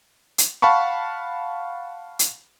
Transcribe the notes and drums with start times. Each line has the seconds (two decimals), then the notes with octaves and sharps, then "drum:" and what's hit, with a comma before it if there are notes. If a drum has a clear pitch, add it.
0.38 drum: hi-hat
0.62 F5 F#5 A5 B5 C#6
2.19 drum: hi-hat